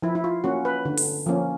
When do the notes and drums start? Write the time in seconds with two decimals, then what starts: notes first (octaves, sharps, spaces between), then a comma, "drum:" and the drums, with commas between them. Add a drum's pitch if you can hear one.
0.02 F3 E4
0.15 E4
0.24 F4
0.44 A#3 C#4 F#4
0.65 B4
0.85 D3
0.97 drum: open hi-hat
1.26 F3 A#3 C#4